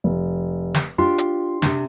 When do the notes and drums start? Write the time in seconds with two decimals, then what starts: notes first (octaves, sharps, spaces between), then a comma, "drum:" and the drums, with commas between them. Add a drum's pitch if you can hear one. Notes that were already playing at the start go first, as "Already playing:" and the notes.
0.04 F1
0.74 drum: snare
0.98 D4 F4 G4 C6
1.18 drum: hi-hat
1.62 C3 D4, drum: snare